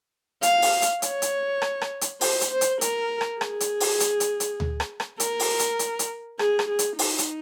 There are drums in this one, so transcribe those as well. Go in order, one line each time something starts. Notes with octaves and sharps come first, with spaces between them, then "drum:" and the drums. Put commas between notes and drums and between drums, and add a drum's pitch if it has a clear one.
F5, drum: hi-hat
drum: open hi-hat
drum: hi-hat
C#5, drum: hi-hat
drum: hi-hat
drum: rim click
drum: rim click
drum: hi-hat
C5, drum: open hi-hat
drum: hi-hat
C5
drum: hi-hat
A#4, drum: hi-hat
drum: rim click
G#4, drum: rim click
drum: hi-hat
drum: open hi-hat
drum: hi-hat
drum: hi-hat
drum: hi-hat
drum: tom D2
drum: rim click
drum: rim click
A#4, drum: hi-hat
drum: open hi-hat
drum: hi-hat
drum: hi-hat
drum: hi-hat
G#4, drum: rim click
drum: rim click
G#4
drum: hi-hat
D#4, drum: open hi-hat
drum: hi-hat